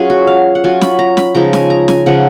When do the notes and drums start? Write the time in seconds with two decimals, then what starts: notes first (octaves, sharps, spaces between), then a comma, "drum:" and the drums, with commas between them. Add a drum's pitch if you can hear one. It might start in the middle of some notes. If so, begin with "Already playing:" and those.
Already playing: F#3 C#4 F4 G#4
0.10 F#4
0.27 F5
0.55 F#5
0.64 F#3 C#4 F4 G#5
0.81 B5, drum: snare
0.99 A#5
1.17 B5, drum: snare
1.35 C#3 F3 G#3 D#4 A#5
1.53 G#5, drum: snare
1.70 A#5
1.88 G#5, drum: snare
2.06 C#3 F3 G#3 D#4 F#5